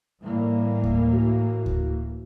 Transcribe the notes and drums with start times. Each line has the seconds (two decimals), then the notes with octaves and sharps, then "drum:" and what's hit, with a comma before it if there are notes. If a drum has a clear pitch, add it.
0.22 A2 E3 G3 A#3
0.83 drum: kick D2
1.13 F#4
1.66 drum: kick D2